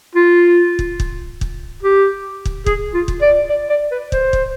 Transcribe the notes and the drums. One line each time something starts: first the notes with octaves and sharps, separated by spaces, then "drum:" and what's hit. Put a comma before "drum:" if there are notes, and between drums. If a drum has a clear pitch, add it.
F4
drum: kick
drum: kick
drum: kick
G4
drum: kick
G#4, drum: kick
F4
drum: kick
D5
D5
D5
B4
C5, drum: kick
drum: kick